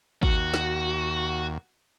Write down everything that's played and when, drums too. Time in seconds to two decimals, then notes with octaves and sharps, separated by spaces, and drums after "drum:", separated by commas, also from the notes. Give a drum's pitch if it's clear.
0.23 D#2 F#4, drum: kick G#1
0.54 drum: snare